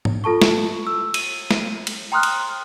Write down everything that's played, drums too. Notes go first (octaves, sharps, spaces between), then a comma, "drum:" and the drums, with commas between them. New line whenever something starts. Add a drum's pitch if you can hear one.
drum: tom G#2
F4 A4 A5 C#6
drum: snare
E6
D#7, drum: cymbal
drum: snare
drum: cymbal
G5 A#5 C6 D#6 F6 F#6
drum: cymbal